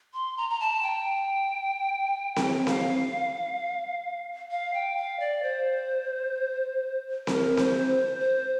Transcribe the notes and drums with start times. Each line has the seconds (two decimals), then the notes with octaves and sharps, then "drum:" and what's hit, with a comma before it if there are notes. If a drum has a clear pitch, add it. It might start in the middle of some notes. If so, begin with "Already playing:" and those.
0.14 C6
0.37 A#5
0.50 A#5
0.60 A5
0.83 G5
2.36 drum: snare C4
2.67 F5, drum: snare C4
4.51 F5
4.74 G5
4.97 F5
5.20 D5
5.43 C5
7.27 A#4, drum: snare C4
7.57 C5, drum: snare C4
7.89 C5
8.19 C5